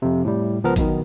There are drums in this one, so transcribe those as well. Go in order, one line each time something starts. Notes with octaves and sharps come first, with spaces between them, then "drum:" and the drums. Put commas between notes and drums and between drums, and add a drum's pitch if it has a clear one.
F2 C3
A2 G3
C#2 F3 B3 A#4
B1 B2 D#3, drum: kick, hi-hat